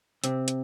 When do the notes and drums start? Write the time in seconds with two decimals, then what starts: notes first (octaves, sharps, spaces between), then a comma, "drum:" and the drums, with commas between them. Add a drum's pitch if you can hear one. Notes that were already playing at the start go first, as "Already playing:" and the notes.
0.24 C3 C4, drum: hi-hat
0.48 drum: hi-hat